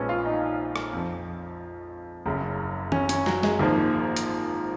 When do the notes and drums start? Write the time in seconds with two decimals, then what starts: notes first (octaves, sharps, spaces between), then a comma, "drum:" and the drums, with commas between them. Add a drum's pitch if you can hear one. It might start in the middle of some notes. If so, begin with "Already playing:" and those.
Already playing: A#1 A#2 F3 G#3 B3 C#4
0.09 F4
0.26 D#4
0.76 drum: rim click
0.93 F2 F3
2.26 F#1 F#2 C#3
2.92 C#4, drum: tom D#3
3.09 C#4, drum: hi-hat
3.26 F#3, drum: snare
3.43 G#3, drum: snare
3.59 G#1 G#2 F3 A#3
4.16 drum: hi-hat